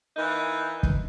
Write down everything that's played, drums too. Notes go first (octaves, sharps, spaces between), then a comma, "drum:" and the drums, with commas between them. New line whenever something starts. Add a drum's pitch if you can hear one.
E3 A#3 D#4
drum: kick